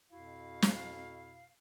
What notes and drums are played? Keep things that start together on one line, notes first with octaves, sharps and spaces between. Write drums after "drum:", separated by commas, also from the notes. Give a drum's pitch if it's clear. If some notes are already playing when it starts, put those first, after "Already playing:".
F2 B2 E4 F#4 F5
drum: snare